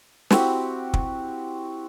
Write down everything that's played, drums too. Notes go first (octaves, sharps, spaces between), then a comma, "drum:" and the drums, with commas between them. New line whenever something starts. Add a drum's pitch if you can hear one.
C4 E4 F#4 G4, drum: snare
drum: kick